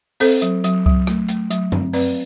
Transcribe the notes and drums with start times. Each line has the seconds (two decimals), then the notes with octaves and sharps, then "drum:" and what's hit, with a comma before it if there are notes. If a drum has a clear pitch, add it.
0.20 C4 A4 C5, drum: open hi-hat
0.42 F#3, drum: hi-hat
0.64 F#3, drum: hi-hat
0.86 F#3, drum: kick C2
1.07 A3, drum: rim click
1.29 A3, drum: hi-hat
1.51 F#3, drum: hi-hat
1.72 C4, drum: tom F#2
1.93 C4 B4 D5, drum: open hi-hat